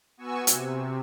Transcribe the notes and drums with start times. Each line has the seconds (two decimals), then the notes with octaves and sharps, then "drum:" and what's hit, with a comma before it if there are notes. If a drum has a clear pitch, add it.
0.17 B3 F#4 G#5 C#6 E6
0.47 C3, drum: hi-hat